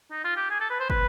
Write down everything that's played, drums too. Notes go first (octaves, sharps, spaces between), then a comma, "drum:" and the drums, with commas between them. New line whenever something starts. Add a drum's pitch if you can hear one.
D#4
F4
G4
G#4
A4
B4
C5
B4, drum: kick